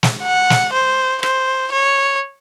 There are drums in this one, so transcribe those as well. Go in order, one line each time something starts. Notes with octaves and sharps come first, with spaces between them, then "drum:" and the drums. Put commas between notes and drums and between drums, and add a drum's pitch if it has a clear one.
drum: snare
F#5
drum: snare
C5
C5, drum: rim click
C#5